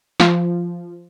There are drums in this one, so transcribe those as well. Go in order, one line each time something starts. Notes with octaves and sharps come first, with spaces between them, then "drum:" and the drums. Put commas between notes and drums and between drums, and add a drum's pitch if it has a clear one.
F3, drum: snare